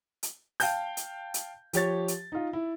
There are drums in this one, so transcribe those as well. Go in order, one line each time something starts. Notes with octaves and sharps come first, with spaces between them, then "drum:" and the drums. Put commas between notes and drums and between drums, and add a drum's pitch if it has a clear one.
drum: hi-hat
F5 G5 A5 G6, drum: open hi-hat
drum: hi-hat
drum: hi-hat
F3 G4 C#5 A6, drum: hi-hat
drum: hi-hat
D#4 F4
E4